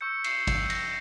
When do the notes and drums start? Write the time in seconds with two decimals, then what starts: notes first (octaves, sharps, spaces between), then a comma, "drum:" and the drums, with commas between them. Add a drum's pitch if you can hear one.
0.01 C#6 E6 G6 C#7
0.24 C7, drum: cymbal
0.47 C7, drum: kick G#1, cymbal
0.70 A#6, drum: cymbal